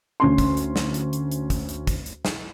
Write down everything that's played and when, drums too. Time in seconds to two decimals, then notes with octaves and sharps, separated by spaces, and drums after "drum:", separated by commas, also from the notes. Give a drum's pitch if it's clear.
0.20 D2 C#4 C6
0.38 drum: kick, hi-hat
0.57 drum: hi-hat
0.76 drum: snare
0.94 drum: hi-hat
1.13 drum: hi-hat
1.32 drum: hi-hat
1.50 drum: kick, hi-hat
1.69 drum: hi-hat
1.87 drum: kick, hi-hat
2.06 drum: hi-hat
2.25 drum: snare